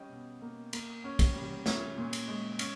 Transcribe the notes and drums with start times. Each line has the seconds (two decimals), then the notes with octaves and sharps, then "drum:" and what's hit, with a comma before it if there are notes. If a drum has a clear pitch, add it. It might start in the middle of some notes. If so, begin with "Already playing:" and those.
Already playing: G3 C#4 D#5 G5
0.09 B2
0.42 A#3
0.73 A#3, drum: cymbal
1.04 C#4
1.19 drum: kick, cymbal
1.35 G3
1.66 C#4 C#5 E5, drum: snare
1.98 A#2
2.13 drum: cymbal
2.28 G#3
2.59 C#4, drum: cymbal